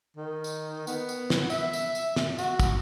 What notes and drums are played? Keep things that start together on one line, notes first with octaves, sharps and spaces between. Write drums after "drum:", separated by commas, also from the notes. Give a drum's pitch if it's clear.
D#3
drum: tambourine
B3, drum: tambourine
drum: tambourine
drum: snare
E5, drum: tambourine
drum: tambourine
drum: tambourine
drum: snare
F#4, drum: tambourine
drum: kick, tambourine